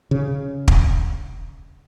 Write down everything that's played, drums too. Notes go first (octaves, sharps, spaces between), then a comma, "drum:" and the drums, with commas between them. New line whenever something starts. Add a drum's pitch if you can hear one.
C#3
drum: kick